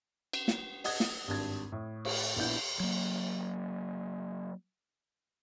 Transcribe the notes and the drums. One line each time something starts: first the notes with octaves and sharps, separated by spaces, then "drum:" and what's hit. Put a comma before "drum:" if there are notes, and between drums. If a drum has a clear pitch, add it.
drum: cymbal
drum: snare
D#5 F#5 D#6 G#6, drum: open hi-hat
drum: snare
G#1 G2 A5 G#6
A2
drum: cymbal
A#1 B3 E4 G6
F#3 A#3